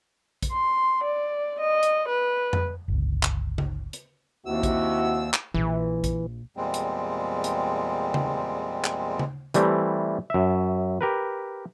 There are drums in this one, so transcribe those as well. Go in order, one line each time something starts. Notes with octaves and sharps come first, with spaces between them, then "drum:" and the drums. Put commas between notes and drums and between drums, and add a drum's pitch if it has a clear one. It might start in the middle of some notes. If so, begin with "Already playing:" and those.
drum: kick A#1, hi-hat
C6
D5
D#5
drum: hi-hat
B4
drum: tom F2
G1 C#2
drum: clap
drum: tom C#3
drum: hi-hat
D#2 C3 E4 F#4 E6
drum: kick A#1, hi-hat
drum: clap
A#1 E3
drum: kick A#1, hi-hat
E2 A#2 G3 G#3 C4
drum: hi-hat
drum: hi-hat
drum: tom C#3
drum: clap
drum: tom C#3
E3 G3 A3 C4, drum: hi-hat
F#2 E5
G4 A#4 B4